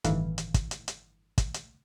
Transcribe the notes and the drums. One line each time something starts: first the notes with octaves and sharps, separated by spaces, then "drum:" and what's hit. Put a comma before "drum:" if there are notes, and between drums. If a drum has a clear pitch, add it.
G1 A2 D#3 E3 F5, drum: hi-hat
drum: hi-hat
drum: kick, hi-hat
drum: hi-hat
drum: hi-hat
drum: kick, hi-hat
drum: hi-hat